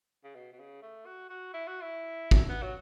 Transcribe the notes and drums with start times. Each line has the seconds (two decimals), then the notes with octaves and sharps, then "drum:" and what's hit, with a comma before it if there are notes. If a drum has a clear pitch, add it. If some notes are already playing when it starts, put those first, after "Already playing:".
0.24 C#3
0.35 B2
0.53 B2
0.59 C#3
0.82 A3
1.06 F#4
1.30 F#4
1.54 E4
1.67 F#4
1.81 E4
2.31 drum: kick
2.49 B3
2.62 F#3